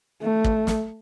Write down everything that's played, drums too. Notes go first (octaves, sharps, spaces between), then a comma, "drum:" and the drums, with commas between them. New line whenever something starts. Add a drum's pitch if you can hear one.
A3
drum: kick
drum: snare